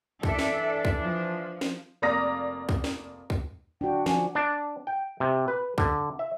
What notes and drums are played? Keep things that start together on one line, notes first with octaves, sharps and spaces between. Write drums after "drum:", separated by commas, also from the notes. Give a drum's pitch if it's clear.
E3 D4 A4 D5 E5, drum: kick
drum: snare
drum: kick
F3
drum: snare
F1 A#3 D5 A#5 D#6 A#6
drum: kick
drum: snare
drum: kick
D4 F#4 G5
F3 G#5, drum: snare
D4
G5
C3
B4
D3, drum: kick
E5